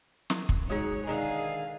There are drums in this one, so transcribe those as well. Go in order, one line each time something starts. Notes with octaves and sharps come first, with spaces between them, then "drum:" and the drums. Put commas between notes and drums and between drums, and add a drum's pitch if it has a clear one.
drum: snare
drum: kick
F#3 G#3 D#4 G#4 C#5
D3 D#3 G#3 D#4 G#4 F5 A#5